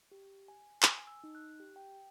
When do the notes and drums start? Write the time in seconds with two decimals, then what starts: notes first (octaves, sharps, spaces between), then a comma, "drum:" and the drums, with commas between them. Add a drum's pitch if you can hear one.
0.11 G4
0.48 G#5
0.83 G#5, drum: clap
1.07 E6
1.24 D#4
1.35 F#6
1.60 G4
1.76 G5